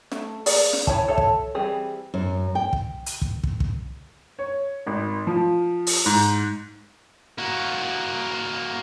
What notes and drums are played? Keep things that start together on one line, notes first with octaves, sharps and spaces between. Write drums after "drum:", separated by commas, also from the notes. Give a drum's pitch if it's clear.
A3, drum: snare
A#3 G#4 B4 D5, drum: open hi-hat
drum: snare
E4 C#5 G#5 A5, drum: kick
A4 C#5 E5 A5
drum: kick
E3 G3 C4 G4 G#4
F#2
G5
drum: kick
drum: hi-hat
drum: kick
drum: kick
drum: kick
C#5
G#1
F3
drum: open hi-hat
G#2
A#3 F#4